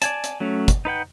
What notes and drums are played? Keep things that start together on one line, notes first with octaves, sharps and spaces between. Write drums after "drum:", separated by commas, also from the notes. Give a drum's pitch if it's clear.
D5 G#5 A5, drum: hi-hat
drum: hi-hat
F#3 A3 C#4
drum: kick, hi-hat
D#4 B4 F#5 G5